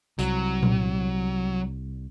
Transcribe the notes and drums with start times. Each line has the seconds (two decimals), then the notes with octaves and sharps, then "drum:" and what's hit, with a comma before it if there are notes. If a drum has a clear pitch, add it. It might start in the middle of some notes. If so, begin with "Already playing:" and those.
0.19 C2 F#3, drum: hi-hat
0.63 drum: tom A#2